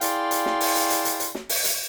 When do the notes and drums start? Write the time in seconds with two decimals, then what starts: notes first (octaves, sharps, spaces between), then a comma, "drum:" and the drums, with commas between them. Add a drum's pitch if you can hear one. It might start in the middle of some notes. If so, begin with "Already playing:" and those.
0.01 E4 G#4 D5 F5 G5 C6, drum: hi-hat
0.31 drum: hi-hat
0.46 drum: snare
0.60 drum: open hi-hat
0.75 drum: hi-hat
0.90 drum: hi-hat
1.05 drum: hi-hat
1.20 drum: hi-hat
1.35 drum: snare
1.49 drum: open hi-hat
1.64 drum: hi-hat